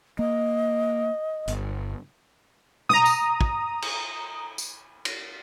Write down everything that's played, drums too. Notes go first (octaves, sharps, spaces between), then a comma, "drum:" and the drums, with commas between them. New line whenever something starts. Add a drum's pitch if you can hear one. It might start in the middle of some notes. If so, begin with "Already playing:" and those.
A#3 D#5
G1, drum: hi-hat
A#5 D#6, drum: tom
drum: tambourine
drum: kick
drum: cymbal
drum: tambourine
drum: cymbal